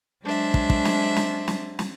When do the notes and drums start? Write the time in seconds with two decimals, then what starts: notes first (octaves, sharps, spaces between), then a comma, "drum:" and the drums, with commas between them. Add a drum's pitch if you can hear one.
0.23 F#3 G#3 D4 C5 E5
0.54 drum: kick
0.70 drum: kick
0.85 drum: snare
1.16 drum: snare
1.48 drum: snare
1.79 drum: snare